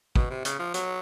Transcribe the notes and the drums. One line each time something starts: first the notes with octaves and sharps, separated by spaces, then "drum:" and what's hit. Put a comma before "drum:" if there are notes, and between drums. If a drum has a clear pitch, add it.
B2, drum: kick
C3
C#3, drum: hi-hat
F3
F#3, drum: hi-hat